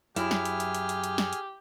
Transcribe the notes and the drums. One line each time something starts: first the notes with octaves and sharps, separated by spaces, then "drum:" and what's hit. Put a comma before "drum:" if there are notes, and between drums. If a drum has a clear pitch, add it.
F#2 E4 G4 G#4 F6, drum: hi-hat
drum: snare
drum: hi-hat
drum: hi-hat
drum: hi-hat
drum: hi-hat
drum: hi-hat
drum: snare
drum: hi-hat